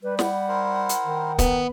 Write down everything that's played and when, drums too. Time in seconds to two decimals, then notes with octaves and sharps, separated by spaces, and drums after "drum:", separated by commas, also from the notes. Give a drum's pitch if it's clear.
0.03 G3 B4
0.19 E4 F#5, drum: snare
0.48 E4 A#4 C5
0.89 drum: hi-hat
1.07 D#3
1.39 B3, drum: kick, hi-hat